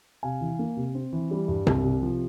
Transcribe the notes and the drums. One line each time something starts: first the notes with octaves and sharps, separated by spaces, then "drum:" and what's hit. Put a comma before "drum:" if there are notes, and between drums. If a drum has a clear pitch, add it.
C3 F5 G#5
E3
A#3
C3
C4
E3
G3
G2
C2, drum: tom C3
C3
F3